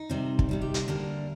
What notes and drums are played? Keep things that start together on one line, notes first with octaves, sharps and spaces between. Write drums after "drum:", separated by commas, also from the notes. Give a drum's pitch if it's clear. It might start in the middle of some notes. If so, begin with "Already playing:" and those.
Already playing: D#4
C3 G3 C4
drum: kick
C3 G3 C4
G4
G#4, drum: hi-hat
D2 D3 G3 A#3 A#4